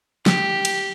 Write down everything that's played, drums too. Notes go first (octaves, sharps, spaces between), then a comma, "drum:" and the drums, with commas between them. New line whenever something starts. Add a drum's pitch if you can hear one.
G4, drum: snare
drum: cymbal